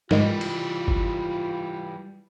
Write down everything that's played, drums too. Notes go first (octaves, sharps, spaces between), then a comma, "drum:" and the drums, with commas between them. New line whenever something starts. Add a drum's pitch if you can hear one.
G#2 D#3 E3 G3 G#3 F4, drum: snare
drum: cymbal
drum: kick G1